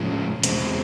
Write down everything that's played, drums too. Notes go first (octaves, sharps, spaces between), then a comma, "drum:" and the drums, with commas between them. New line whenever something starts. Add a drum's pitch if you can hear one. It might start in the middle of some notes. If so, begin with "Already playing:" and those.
Already playing: A2 F3 G#3 C#4
E2 B2 G#3 C4, drum: hi-hat